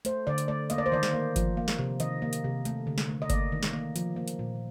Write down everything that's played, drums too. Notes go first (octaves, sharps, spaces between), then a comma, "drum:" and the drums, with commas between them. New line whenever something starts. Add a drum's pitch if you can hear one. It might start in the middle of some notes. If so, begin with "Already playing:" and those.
A3 C5, drum: hi-hat
D3 D5
drum: hi-hat
A3 D5
A#3 D#5, drum: hi-hat
D5
C5
D#3 D5
drum: snare
A#3
F3, drum: kick G1, hi-hat
A#3
drum: snare
C3
D#3 D#5, drum: hi-hat
A#3
drum: hi-hat
C3
A3, drum: hi-hat
D3
drum: snare
A3
D#5
A#3 D5, drum: kick G1, hi-hat
D#3
drum: snare
A#3
F3, drum: hi-hat
A#3
drum: hi-hat
A#2